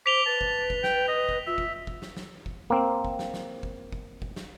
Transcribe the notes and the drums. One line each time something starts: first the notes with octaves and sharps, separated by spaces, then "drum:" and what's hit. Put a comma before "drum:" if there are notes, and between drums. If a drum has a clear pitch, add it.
C5 D6 B6 F7 G7
B4 A5
drum: kick
drum: kick
G5, drum: snare
D#5
drum: kick
F4 E5
drum: kick
drum: kick
drum: snare
drum: snare
drum: kick
A#3 C4
drum: kick
drum: snare
drum: snare
drum: kick
drum: kick
drum: kick
drum: snare